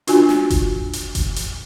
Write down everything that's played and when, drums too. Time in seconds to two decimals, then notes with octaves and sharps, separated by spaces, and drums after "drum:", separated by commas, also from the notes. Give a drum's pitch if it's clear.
0.07 D4 F4 F#4 G#5, drum: hi-hat
0.29 drum: snare
0.50 drum: kick F#1, hi-hat
0.93 drum: hi-hat
1.15 drum: kick F#1, hi-hat
1.36 drum: hi-hat